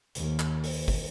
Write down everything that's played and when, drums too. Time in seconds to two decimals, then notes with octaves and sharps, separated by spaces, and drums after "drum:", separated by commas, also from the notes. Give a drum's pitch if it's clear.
0.15 D#2, drum: hi-hat
0.39 drum: clap
0.64 drum: open hi-hat
0.88 drum: kick, open hi-hat